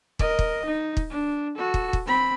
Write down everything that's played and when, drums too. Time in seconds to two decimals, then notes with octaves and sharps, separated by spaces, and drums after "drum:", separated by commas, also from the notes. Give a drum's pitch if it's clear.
0.19 A#4 D#5, drum: kick
0.39 drum: kick
0.66 D#4
0.97 drum: kick
1.11 D4
1.56 F#4 A4
1.74 drum: kick
1.93 drum: kick
2.06 C4 B5